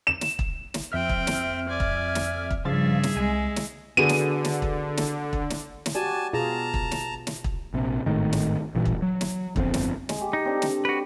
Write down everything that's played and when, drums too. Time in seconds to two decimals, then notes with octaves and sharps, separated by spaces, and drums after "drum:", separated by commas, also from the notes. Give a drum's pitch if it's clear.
0.07 E7
0.21 drum: snare
0.39 drum: kick
0.74 drum: snare
0.92 F2 C4 E5 G5 F6
1.09 drum: kick
1.27 drum: snare
1.69 D5 G#5
1.80 drum: kick
2.15 drum: snare
2.51 drum: kick
2.65 G2 C#3 F3 G#4 E5 F5 A6
3.03 drum: snare
3.17 C2 G#3 G#5
3.56 drum: snare
3.97 D3 B3 F#4 G#4 D#7
4.09 drum: snare
4.45 drum: snare
4.62 drum: kick
4.97 drum: snare
5.33 drum: kick
5.50 drum: snare
5.86 drum: snare
5.95 F#4 G4 D5 G#5 A5
6.33 B2 F4 G#4 A5 A#5
6.74 drum: kick
6.91 drum: snare
7.27 drum: snare
7.44 drum: kick
7.74 A#1 C3
8.06 G#1 A2 D#3
8.33 drum: snare
8.75 A1 G2 A#2 E3
8.85 drum: kick
9.02 F#3
9.21 drum: snare
9.56 G1 F2 C3 C4, drum: kick
9.74 drum: snare
10.09 G#3, drum: snare
10.21 G4
10.33 D#4
10.45 C4 D4 A4
10.62 drum: snare
10.85 F#4 B4